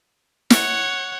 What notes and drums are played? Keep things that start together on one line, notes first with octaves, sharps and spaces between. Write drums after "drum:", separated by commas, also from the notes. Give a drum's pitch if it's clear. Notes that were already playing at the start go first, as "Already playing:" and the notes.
C#5 F#5, drum: snare